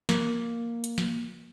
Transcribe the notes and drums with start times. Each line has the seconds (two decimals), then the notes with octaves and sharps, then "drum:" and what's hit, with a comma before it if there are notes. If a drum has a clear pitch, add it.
0.09 A#3, drum: snare
0.84 drum: hi-hat
0.98 drum: snare